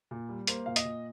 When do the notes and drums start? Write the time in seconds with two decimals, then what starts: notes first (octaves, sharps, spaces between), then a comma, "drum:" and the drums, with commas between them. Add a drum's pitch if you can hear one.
0.11 A#2
0.29 G3
0.47 A#3 C5, drum: hi-hat
0.66 A#2 F5
0.76 D#5, drum: hi-hat
0.85 A#2